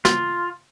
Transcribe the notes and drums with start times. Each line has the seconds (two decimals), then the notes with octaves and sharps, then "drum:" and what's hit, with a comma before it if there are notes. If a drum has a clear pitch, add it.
0.05 F4, drum: snare